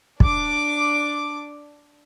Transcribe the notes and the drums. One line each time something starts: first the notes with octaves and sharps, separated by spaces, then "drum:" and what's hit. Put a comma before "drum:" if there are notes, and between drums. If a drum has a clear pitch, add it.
D4 D6, drum: kick